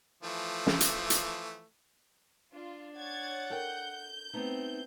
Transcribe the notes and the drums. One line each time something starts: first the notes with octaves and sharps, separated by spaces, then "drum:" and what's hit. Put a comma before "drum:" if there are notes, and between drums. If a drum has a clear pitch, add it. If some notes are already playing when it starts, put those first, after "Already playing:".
E3 F3 A3
drum: snare
drum: hi-hat
drum: hi-hat
D4 F4
C#5 F#5 G#6 A6
A4 A#4 G5 G6
A3 B3 C4 D#4